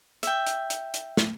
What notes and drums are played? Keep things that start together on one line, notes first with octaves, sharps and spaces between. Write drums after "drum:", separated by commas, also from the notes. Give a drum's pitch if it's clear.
E5 G5, drum: hi-hat
drum: hi-hat
drum: hi-hat
drum: hi-hat
drum: snare